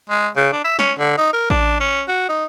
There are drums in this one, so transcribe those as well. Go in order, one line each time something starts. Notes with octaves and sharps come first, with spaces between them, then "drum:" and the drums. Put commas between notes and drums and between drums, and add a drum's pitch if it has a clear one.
G#3
C#3
D4
E5
C#4, drum: snare
D3
D#4
A#4
D4, drum: kick A1
C#4
F#4
D#4